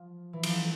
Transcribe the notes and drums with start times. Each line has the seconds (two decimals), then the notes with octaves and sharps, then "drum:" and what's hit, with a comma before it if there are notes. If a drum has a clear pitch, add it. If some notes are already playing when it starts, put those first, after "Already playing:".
Already playing: F3
0.33 E3
0.43 F3, drum: cymbal